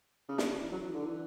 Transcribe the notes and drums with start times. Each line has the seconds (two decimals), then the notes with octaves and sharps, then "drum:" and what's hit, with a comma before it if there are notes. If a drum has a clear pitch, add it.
0.29 C#3
0.38 D3, drum: snare
0.50 C#3
0.61 E3
0.72 F#3
0.83 E3
0.93 D3
1.05 E3